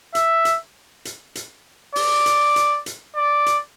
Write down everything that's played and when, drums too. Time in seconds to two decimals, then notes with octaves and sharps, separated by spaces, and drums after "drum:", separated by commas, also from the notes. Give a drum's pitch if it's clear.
0.15 E5, drum: hi-hat
0.45 drum: hi-hat
1.05 drum: hi-hat
1.35 drum: hi-hat
1.96 D5, drum: open hi-hat
2.26 drum: hi-hat
2.56 drum: hi-hat
2.86 drum: hi-hat
3.16 D5
3.46 drum: hi-hat